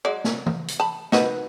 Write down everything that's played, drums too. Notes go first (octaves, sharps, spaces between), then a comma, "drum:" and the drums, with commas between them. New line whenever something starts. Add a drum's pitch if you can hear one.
F#3 G#3 D5
drum: snare
drum: tom E3
drum: hi-hat
A5 B5
D#4 F#4 B4, drum: snare